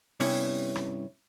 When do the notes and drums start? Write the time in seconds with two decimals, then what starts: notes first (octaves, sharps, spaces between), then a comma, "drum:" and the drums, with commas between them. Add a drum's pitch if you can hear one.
0.20 G2 C3 B3 C#4 E4 C#5, drum: open hi-hat
0.75 drum: rim click